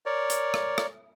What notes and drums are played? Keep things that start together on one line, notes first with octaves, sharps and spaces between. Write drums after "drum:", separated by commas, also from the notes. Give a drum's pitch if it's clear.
A#4 C#5 D5
drum: hi-hat
drum: rim click
drum: rim click